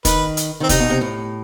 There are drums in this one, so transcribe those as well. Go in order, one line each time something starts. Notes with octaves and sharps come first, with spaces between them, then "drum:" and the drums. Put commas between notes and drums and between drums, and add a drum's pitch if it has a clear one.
D#3 B4, drum: kick, hi-hat
drum: hi-hat
D#3 C4
C3 D#4, drum: kick, hi-hat
B2
C3
A2